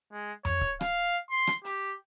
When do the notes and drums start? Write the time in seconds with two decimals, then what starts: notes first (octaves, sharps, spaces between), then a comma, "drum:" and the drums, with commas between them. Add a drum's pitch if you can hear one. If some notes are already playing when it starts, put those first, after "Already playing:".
0.12 G#3
0.45 C#5, drum: tom F2
0.61 drum: kick C#1
0.81 F5, drum: rim click
1.30 C6
1.47 drum: rim click
1.65 G4, drum: hi-hat